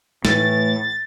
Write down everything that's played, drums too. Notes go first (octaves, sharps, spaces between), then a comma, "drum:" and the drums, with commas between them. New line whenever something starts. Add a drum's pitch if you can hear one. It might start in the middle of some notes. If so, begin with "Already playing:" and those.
A2 E3 A6, drum: snare